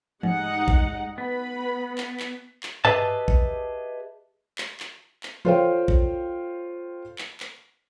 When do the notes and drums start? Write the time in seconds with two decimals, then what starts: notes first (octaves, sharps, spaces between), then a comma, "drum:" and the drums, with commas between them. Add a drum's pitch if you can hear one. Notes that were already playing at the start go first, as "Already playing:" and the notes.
0.23 G#2 G3 D#4 F#5, drum: tom E3
0.68 drum: kick A#1
1.18 B3 B4 B5
1.98 drum: clap
2.20 drum: clap
2.63 drum: clap
2.85 G4 G#4 B4 D#5 E5 A5, drum: tom G2
3.28 drum: kick A#1
4.58 drum: clap
4.80 drum: clap
5.23 drum: clap
5.45 F4 A4 C5 C#5 F5 G5, drum: tom E3
5.88 drum: kick A#1
7.18 drum: clap
7.40 drum: clap